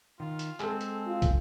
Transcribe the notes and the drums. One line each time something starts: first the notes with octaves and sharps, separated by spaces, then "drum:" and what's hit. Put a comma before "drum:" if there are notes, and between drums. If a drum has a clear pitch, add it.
D#3 F4
drum: hi-hat
G#3 C4 G#4 A4, drum: clap
drum: hi-hat
F4
drum: kick, hi-hat